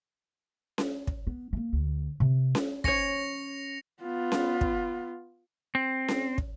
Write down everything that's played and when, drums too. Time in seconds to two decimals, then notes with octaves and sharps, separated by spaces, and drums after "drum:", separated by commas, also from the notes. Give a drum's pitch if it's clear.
0.78 drum: snare C#4
1.07 drum: kick
1.27 B3
1.53 A3 A#3
1.73 D2
2.20 C3
2.55 drum: snare C#4
2.84 C#4 C#5 A#6 C#7 F7, drum: kick
4.03 B3 F4
4.32 drum: snare C#4
4.61 drum: kick
5.75 C4
6.08 drum: snare C#4
6.38 drum: kick